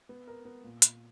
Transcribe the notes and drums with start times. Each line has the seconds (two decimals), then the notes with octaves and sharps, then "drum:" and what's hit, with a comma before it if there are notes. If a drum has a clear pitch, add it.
0.09 B3
0.28 A#4
0.45 B3
0.64 A#2
0.82 drum: hi-hat